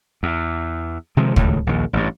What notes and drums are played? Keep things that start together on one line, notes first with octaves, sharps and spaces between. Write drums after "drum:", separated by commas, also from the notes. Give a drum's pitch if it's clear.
E2
C3 D#3 F3 G#3
C#2 A2 D#3, drum: kick
A#1 D#2
A1 G2